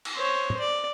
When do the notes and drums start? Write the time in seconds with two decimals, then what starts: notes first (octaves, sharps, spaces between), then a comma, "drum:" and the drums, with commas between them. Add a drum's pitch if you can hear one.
0.05 drum: cymbal
0.15 C5 C#5
0.50 drum: tom
0.60 D5